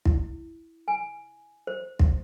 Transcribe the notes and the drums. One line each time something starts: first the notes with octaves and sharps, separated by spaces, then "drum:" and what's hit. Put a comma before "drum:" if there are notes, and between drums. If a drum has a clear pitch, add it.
E4, drum: kick
G#5
C5
drum: kick